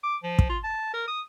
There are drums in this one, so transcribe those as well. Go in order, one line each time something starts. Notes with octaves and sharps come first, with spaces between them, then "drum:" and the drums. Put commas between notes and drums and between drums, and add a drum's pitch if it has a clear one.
D6
F3
drum: kick
F4
A5
A#4
D#6